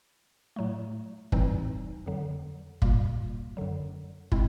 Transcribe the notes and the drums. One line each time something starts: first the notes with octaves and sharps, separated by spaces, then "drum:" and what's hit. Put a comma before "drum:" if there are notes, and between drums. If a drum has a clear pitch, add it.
A2 F#3 A3
A2 E3 G3 C4 D#4, drum: kick
F2 D3 F#3
A#2 G3 A#3, drum: kick
F#2 D3 F#3
G#3 C4 E4, drum: kick